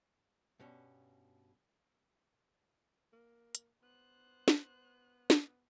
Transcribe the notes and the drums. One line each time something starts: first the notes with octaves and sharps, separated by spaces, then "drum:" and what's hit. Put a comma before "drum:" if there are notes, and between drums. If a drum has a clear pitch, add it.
G2 B2 C#4
A#3
drum: hi-hat
B3 C5 F#6
drum: snare
drum: snare